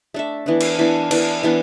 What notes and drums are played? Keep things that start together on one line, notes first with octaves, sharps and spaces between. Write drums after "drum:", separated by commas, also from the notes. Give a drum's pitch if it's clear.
A3 D4 A4 E5
E3 B3 D4
drum: cymbal
E3 B3 D4
E3 B3 D4, drum: cymbal
E3 B3 D4